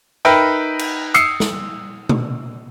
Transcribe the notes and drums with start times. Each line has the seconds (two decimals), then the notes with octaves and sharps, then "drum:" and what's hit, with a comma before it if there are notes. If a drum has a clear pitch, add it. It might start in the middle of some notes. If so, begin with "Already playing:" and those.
0.25 D#4 A#4 B4 E5 G5 B5
0.79 drum: cymbal
1.14 D#6 E6 C7 C#7, drum: hi-hat
1.40 drum: snare
2.09 drum: tom B2